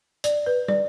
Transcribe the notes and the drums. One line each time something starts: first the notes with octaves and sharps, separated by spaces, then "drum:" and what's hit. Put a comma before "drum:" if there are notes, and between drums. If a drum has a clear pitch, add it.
D5, drum: hi-hat
B4
D5, drum: tom